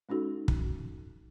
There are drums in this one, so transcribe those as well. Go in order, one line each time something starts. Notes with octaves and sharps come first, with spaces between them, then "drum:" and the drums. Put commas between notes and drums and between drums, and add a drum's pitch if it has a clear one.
G#3 C#4 D#4 F#4 A4
drum: kick